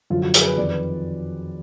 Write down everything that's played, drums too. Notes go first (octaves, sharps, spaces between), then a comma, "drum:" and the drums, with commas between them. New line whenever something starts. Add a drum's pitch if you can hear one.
F#2 D3 F3 F4
F#4
G#4, drum: hi-hat
B4
F2 D#3 D5
B4